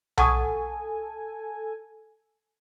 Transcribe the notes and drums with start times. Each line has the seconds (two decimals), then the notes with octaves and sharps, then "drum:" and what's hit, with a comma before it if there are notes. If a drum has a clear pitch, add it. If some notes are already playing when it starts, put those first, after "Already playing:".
0.18 A4 F#5 G#5 C#6 D#6, drum: tom B1